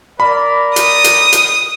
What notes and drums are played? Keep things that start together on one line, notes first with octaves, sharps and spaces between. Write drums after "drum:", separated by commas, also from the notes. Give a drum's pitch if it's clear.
A#4 D5 B5
D#6, drum: hi-hat
drum: hi-hat
drum: hi-hat